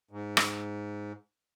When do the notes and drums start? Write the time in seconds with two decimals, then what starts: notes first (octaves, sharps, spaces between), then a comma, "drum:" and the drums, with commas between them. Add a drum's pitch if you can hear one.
0.11 G#2
0.37 drum: rim click